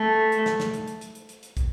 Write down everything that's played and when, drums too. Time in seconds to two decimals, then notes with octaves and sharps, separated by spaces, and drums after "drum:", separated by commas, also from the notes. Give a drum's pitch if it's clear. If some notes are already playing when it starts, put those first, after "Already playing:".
Already playing: A3
0.32 drum: hi-hat
0.46 drum: snare
0.60 drum: snare
0.74 drum: hi-hat
0.87 drum: hi-hat
1.01 drum: hi-hat
1.15 drum: hi-hat
1.29 drum: hi-hat
1.43 drum: hi-hat
1.57 drum: kick, hi-hat